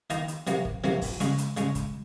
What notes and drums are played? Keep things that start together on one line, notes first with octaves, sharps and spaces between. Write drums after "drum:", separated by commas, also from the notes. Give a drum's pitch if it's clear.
D#3 A#3 D#4, drum: hi-hat
drum: hi-hat
C3 F#3 A#3, drum: hi-hat
drum: kick
C3 F#3 A#3, drum: snare
drum: kick, open hi-hat
C#3 G#3 C#4, drum: hi-hat
drum: hi-hat
C#3 G#3 C#4, drum: hi-hat
drum: kick, hi-hat